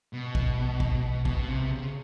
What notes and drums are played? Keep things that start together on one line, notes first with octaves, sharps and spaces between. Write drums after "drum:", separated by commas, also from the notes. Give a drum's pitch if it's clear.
B2
drum: kick
drum: kick
B2, drum: kick
C3
C#3